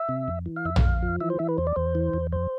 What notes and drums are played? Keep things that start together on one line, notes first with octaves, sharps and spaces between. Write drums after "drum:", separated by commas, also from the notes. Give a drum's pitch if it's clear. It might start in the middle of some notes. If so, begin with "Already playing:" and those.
Already playing: E5
C3
F2
E3
F5
F2 E5
F5, drum: tom A#1
F2
F3
E3 E5
C5
E3 E5
B4
E2 C5
D5
E2 C5
E3
E2
F2 C5